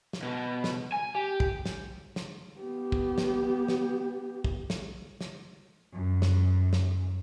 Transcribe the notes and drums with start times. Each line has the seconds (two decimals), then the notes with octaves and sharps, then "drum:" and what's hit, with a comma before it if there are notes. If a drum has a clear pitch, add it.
0.13 drum: snare
0.23 B2
0.64 drum: snare
0.92 G#5
1.15 G4
1.40 drum: kick
1.66 drum: snare
2.16 drum: snare
2.60 B3 G4
2.92 drum: kick
3.18 drum: snare
3.68 drum: snare
4.44 drum: kick
4.70 drum: snare
5.21 drum: snare
5.93 F#2
6.22 drum: snare
6.73 drum: snare